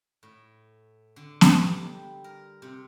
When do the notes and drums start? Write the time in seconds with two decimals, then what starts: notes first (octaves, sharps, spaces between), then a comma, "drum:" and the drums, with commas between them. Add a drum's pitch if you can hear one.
0.23 A2
1.16 D3
1.41 drum: snare B3
1.66 G3
2.24 A#4
2.62 C3